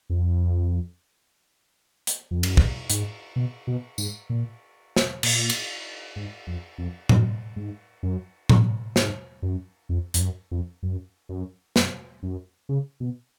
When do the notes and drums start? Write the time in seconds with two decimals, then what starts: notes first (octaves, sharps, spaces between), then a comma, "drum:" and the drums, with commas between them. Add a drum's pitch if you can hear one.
0.10 F2
2.07 drum: hi-hat
2.31 F2
2.43 F#2, drum: cymbal
2.57 drum: kick
2.90 G#2, drum: hi-hat
3.36 B2
3.67 B2
3.98 G#2, drum: tambourine
4.30 A#2
4.97 drum: snare
5.23 A#2, drum: cymbal
5.50 drum: cymbal
6.16 G#2
6.47 F2
6.78 F2
7.09 F#2, drum: tom A2
7.56 G#2
8.03 F#2
8.50 F#2, drum: tom A2
8.96 G#2, drum: snare
9.42 F#2
9.89 F2
10.14 F2, drum: hi-hat
10.20 F#2
10.51 F2
10.83 F#2
11.29 F#2
11.76 F#2, drum: snare
12.23 F#2
12.69 C#3
13.00 B2